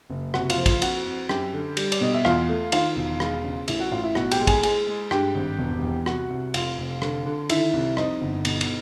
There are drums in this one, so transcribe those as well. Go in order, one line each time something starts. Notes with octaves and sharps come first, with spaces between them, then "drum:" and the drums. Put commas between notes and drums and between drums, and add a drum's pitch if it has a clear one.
F#1
C2 F#4 F#5, drum: rim click
F4 F5, drum: cymbal
F3
F4 F5, drum: kick, cymbal
F2 F#4 F#5, drum: cymbal
F2
F#2 G4 G5, drum: rim click
D3
G3, drum: cymbal
D5, drum: cymbal
B2 D#5
E5
E2 F4 F5, drum: rim click
A3
D#3 F4 F5, drum: cymbal
E1
G#3, drum: rim click
C#3
A1 E4 E5, drum: cymbal
F#4 F#5
A2 F4 F5
E4 E5
B1 F#4 F#5, drum: rim click
G4 G5, drum: cymbal
G#3
G#4 G#5, drum: kick, cymbal
G#3 G#4 G#5, drum: cymbal
G#3
G2 G4 G5, drum: rim click
G#1
E1
E2
C2 F#4 F#5, drum: rim click
C2
F1 F4 F5, drum: cymbal
F1
D3, drum: rim click
D3
D#3 E4 E5, drum: cymbal
C2
F2 D#4 D#5, drum: rim click
G1
B2, drum: cymbal
drum: cymbal